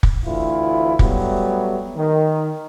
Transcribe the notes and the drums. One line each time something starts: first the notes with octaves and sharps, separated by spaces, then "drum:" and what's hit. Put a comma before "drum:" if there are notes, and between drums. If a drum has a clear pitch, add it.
drum: kick
D2 E3 E4 F4
F#3 G3 A3 B3, drum: kick
D#3